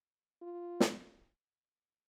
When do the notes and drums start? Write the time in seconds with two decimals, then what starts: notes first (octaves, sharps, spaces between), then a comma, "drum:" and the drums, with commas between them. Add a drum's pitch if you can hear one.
0.42 F4
0.80 drum: snare